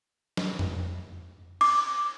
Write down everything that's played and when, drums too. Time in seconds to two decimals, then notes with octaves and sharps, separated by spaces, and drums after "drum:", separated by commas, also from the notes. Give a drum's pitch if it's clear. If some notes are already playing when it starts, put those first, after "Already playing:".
0.37 drum: snare
0.59 drum: tom F2
1.61 D6, drum: cymbal